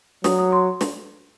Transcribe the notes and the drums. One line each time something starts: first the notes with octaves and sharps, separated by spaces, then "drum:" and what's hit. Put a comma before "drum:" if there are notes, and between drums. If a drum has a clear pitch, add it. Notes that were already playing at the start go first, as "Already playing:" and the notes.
F#3 D#6, drum: snare
D#6
C6
drum: snare